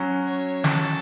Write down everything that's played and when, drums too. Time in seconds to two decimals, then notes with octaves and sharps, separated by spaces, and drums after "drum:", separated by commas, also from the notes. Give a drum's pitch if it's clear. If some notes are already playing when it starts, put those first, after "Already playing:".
Already playing: F#3 C#4 F#4
0.26 C#5
0.64 A4, drum: snare